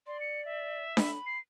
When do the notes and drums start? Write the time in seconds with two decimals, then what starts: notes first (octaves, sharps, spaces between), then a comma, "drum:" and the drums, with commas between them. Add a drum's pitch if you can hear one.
0.07 D5 C6
0.21 C#7
0.45 E5
0.97 B5, drum: snare D4
1.26 C7